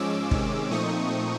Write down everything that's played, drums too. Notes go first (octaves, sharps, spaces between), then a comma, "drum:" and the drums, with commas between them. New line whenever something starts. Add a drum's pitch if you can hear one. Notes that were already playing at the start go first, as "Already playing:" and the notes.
Already playing: G#2 F3 G#3 C#4 D6 E6
C3 D#3 G#3 C#4, drum: kick
A#2 F3 A3 C4 D#4 C#6 D#6